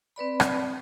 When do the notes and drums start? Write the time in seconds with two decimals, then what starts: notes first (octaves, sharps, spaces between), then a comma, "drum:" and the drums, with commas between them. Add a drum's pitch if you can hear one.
0.16 C4 B4 D5 B5
0.40 drum: rim click